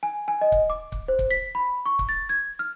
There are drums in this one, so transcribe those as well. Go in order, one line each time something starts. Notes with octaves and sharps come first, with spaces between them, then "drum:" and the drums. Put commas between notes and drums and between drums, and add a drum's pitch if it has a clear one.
G#5
G#5
D#5
drum: kick C#1
D6
drum: kick C#1
C5
drum: kick C#1
B6
B5
C#6
drum: kick C#1
A6
G#6
F6